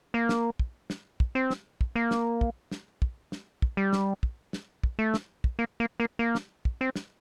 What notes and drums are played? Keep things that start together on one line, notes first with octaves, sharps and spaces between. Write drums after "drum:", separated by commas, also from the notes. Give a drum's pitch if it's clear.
A#3
drum: snare
drum: kick
drum: snare
drum: kick
C4
drum: snare
drum: kick
A#3
drum: snare
drum: kick
drum: snare
drum: kick
drum: snare
drum: kick
G3
drum: snare
drum: kick
drum: snare
drum: kick
A3
drum: snare
drum: kick
A#3
A#3
A#3
A#3
drum: snare
drum: kick
C4
drum: snare